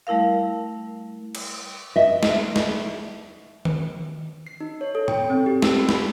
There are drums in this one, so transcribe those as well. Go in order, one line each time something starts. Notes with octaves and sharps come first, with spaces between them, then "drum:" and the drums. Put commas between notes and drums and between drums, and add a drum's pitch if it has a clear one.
G3 A3 E4 A#4 F5
drum: cymbal
D#5 E5
drum: snare
drum: snare
drum: tom D#3
C7
D#4
C#5
A4
G5, drum: tom A2
C4
G4
E6, drum: snare
F4
B5, drum: snare